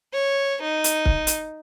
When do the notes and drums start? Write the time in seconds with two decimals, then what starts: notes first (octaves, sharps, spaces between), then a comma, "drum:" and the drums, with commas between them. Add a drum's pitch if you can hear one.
0.14 C#5
0.63 D#4
0.84 drum: hi-hat
1.05 drum: kick
1.27 drum: hi-hat